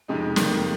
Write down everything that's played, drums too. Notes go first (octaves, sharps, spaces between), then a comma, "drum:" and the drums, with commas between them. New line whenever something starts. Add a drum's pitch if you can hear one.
F2 C3 G#3 D#4
F2 C3 D#3 A#3, drum: snare